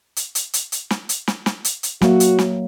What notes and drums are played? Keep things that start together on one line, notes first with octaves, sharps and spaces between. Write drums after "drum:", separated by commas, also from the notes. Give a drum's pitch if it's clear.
drum: hi-hat
drum: hi-hat
drum: hi-hat
drum: hi-hat
drum: snare
drum: hi-hat
drum: snare
drum: snare
drum: hi-hat
drum: hi-hat
F#3 A#3 F#4 E5, drum: snare
drum: hi-hat
drum: snare